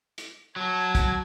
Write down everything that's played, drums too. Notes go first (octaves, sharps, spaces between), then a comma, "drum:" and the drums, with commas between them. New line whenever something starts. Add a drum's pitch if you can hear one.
drum: hi-hat
F#3 A5 G#6
drum: kick, hi-hat